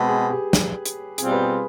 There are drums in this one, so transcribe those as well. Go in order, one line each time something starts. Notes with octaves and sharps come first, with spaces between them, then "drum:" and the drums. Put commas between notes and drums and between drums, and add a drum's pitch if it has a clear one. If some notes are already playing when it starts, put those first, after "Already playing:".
Already playing: B2 G#3 C4 B4
G#4
G4
G4, drum: snare
drum: hi-hat
B2 G3 C4 F4 G#4, drum: hi-hat
B4
G#4